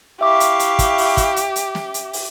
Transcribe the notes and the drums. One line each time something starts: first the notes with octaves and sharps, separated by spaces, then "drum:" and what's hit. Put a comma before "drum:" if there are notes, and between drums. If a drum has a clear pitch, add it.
E4 G4 E5 F5 C#6 D6
drum: hi-hat
drum: hi-hat
drum: kick, hi-hat
drum: open hi-hat
drum: kick, hi-hat
drum: hi-hat
drum: hi-hat
drum: snare
drum: hi-hat
drum: open hi-hat